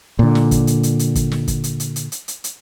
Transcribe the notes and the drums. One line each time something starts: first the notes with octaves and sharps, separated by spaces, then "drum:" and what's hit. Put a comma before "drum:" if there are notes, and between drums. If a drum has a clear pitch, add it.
A#2 D3
drum: snare
drum: kick, hi-hat
drum: hi-hat
drum: hi-hat
drum: hi-hat
drum: kick, hi-hat
drum: snare
drum: kick, hi-hat
drum: hi-hat
drum: hi-hat
drum: hi-hat
drum: hi-hat
drum: hi-hat
drum: hi-hat